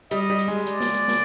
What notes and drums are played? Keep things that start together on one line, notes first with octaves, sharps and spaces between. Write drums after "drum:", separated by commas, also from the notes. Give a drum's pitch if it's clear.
G3 D#5, drum: hi-hat
G3
drum: hi-hat
G#3
D5, drum: hi-hat
drum: snare
drum: hi-hat
drum: snare